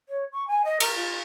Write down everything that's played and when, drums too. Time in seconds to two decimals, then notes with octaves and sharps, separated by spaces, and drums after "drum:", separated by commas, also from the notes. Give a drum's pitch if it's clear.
0.09 C#5
0.32 C#6
0.48 G#5
0.65 D#5
0.80 A#4, drum: cymbal
0.94 F4